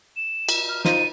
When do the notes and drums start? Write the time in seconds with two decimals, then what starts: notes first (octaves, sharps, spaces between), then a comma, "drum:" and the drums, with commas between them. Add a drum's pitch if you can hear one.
0.17 E7
0.49 drum: cymbal
0.69 F6
0.85 D#4 F4 C5 D#7, drum: snare